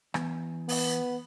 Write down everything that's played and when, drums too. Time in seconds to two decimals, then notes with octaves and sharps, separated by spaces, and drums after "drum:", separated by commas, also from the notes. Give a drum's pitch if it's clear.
0.14 E2, drum: rim click
0.69 B3, drum: open hi-hat